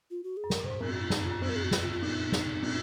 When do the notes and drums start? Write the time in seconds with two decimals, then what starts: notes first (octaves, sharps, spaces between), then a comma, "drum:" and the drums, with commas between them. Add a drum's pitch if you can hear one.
0.11 F4
0.24 F#4
0.37 G#4
0.44 F#2
0.50 G#2 A#4, drum: snare
0.60 A#2
0.65 G#2 C5
0.80 F#2 A#4, drum: cymbal
0.91 F#2 F#4
1.00 F4
1.10 F2 D#4, drum: snare
1.21 F#2
1.26 F4
1.31 F#2
1.42 C5, drum: cymbal
1.49 A#4
1.56 G#4
1.64 F#4
1.71 F4, drum: snare
1.82 F4
1.92 F4
2.02 A#2 D#4, drum: cymbal
2.32 drum: snare
2.62 A#2, drum: cymbal